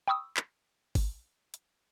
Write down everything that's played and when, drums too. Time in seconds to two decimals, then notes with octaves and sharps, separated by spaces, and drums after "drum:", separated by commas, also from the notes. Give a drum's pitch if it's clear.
0.08 G5 B5 C#6 D#6 E6
0.37 drum: clap
0.95 drum: kick, open hi-hat
1.54 drum: hi-hat